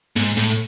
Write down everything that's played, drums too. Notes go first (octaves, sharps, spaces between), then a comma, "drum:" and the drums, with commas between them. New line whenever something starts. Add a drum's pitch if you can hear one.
G#2, drum: snare
A2, drum: snare